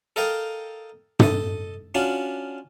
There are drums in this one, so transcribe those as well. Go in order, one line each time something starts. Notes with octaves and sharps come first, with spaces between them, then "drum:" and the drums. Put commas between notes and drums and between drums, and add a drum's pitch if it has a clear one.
A4 A#4 D#5 F5 G5
A4 D#5, drum: tom
C#4 D4 F4 F#4